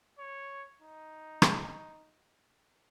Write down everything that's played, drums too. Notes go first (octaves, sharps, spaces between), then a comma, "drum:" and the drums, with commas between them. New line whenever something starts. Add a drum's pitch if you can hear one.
C#5
D#4
drum: rim click